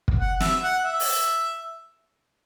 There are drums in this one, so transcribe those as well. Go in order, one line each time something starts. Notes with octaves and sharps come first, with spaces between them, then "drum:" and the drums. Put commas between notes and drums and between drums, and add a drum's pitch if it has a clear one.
drum: kick
F#5
E5, drum: snare
F#5
E5
drum: open hi-hat